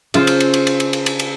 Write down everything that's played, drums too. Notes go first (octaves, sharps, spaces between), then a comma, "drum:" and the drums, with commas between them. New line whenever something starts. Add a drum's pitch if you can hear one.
C#3 F4 C5, drum: cymbal
drum: cymbal
drum: cymbal
drum: cymbal
drum: cymbal
drum: cymbal
drum: cymbal
drum: cymbal
drum: cymbal